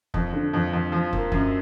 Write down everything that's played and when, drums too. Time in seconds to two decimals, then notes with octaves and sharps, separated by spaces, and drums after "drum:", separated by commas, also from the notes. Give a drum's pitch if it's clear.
0.14 F2, drum: kick
0.33 D3
0.53 F2
0.73 F2
0.92 F3
1.13 A#3, drum: kick
1.32 F#2, drum: kick